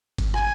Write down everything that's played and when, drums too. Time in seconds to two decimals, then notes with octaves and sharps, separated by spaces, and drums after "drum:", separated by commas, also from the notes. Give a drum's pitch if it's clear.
0.18 drum: kick G1, cymbal
0.34 G#5, drum: rim click